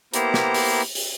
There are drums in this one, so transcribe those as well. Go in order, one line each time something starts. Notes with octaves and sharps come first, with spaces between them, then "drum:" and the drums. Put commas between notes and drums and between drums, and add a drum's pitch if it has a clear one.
A#3 B3 E4 G4 C5 A#5, drum: hi-hat
drum: snare
drum: open hi-hat
drum: open hi-hat